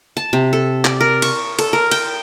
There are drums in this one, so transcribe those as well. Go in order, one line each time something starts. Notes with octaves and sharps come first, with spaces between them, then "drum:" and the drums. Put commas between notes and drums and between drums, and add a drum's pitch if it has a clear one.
A5
C3
A4
D5, drum: clap
A#4
C#6, drum: cymbal
A4, drum: cymbal
A#4
G5, drum: cymbal